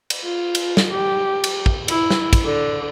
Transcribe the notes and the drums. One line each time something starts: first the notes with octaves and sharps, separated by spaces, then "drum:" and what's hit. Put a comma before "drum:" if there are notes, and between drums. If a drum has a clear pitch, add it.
drum: cymbal
F4
drum: cymbal
drum: snare
G4
drum: cymbal
drum: kick
E4, drum: cymbal
drum: snare
drum: kick, cymbal
D3